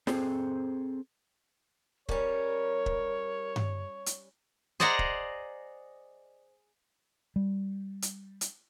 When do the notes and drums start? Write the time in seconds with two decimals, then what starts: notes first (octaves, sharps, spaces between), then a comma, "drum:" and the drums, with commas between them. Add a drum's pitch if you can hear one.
0.07 C4 G#4 A4 C5, drum: snare
2.09 G3 C#4 A#4 C#5, drum: kick
2.86 drum: kick
3.56 drum: tom G2
4.06 drum: hi-hat
4.80 G#4 C5 D5 D#5 F#5 A#5
4.99 drum: kick
7.36 G3
8.02 drum: hi-hat
8.41 drum: hi-hat